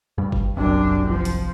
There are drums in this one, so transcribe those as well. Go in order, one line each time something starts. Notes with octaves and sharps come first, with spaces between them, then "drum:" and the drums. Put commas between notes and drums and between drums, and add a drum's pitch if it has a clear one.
G2 G3
drum: kick G1
G1 C2 F#2 C3 D4
F3
drum: hi-hat